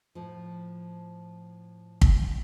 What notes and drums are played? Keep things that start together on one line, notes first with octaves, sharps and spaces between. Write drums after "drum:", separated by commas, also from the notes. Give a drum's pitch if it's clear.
A2 F3
drum: kick